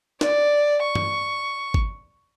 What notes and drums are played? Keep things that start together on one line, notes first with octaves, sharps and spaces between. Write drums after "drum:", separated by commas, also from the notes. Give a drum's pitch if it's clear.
D5, drum: snare
C#6
drum: tom G2
drum: kick